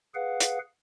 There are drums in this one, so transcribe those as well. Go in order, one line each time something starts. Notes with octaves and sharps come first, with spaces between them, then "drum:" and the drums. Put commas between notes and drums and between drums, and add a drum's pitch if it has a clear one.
G#4 B4 F5 F#5
drum: hi-hat